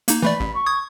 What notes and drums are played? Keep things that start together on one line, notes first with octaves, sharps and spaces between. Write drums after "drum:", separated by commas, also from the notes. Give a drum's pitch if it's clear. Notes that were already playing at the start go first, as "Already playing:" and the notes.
A#3 D#4, drum: hi-hat
E3 A3 D5 B5
A1
C#6
D#6 G#6